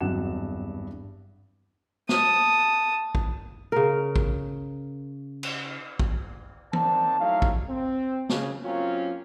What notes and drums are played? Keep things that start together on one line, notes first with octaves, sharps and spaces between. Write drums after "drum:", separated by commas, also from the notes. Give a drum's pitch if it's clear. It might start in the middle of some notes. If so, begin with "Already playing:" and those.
G#1 E2 G2 F#3 F#5 E7
A5 D#6, drum: snare
drum: kick
C#3 A#4
drum: kick
drum: cymbal
drum: kick
D#2 C4 D4 C5 A5, drum: tom E3
F#3 A3 D#4 E4 F5
drum: kick
C4
C#3, drum: snare
F#2 F#3 A#3 C4 C#4 F4